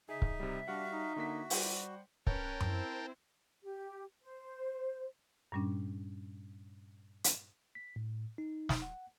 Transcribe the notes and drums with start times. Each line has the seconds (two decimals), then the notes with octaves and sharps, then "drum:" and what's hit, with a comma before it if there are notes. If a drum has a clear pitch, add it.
0.09 C#3 D#4 G#4 E5
0.22 drum: kick C#1
0.40 C3 G3
0.68 G3 D4 F#4 F5 F#5
0.92 D#4
1.16 D3 A#3 F#4 B6
1.50 G3 C5 F#5 G5, drum: open hi-hat
2.27 C#4 A#4 B4 C#5 G5 A5, drum: kick C#1
2.60 C4 E4 C5, drum: tom F#2
3.64 G4
4.23 C5
5.52 G2 A#2 G3 C#4 D4
7.24 drum: hi-hat
7.75 B6
7.96 A2
8.38 D#4
8.69 drum: snare
8.82 F#5